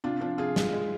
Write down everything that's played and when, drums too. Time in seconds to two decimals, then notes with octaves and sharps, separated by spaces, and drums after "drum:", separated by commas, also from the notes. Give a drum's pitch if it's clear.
0.04 C3 D4 F4
0.21 F3 D4
0.38 C3 F4 G#4
0.56 G#3, drum: snare
0.73 G#3